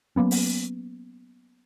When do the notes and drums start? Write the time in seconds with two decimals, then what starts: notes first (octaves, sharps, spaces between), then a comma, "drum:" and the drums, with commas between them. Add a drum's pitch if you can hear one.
0.16 F#3 A#3 B3 C#4
0.31 drum: open hi-hat